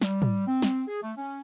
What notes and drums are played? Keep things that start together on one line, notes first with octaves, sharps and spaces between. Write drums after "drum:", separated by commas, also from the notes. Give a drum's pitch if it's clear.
G3, drum: snare
drum: tom
C4
drum: snare
G#4
A3
C#4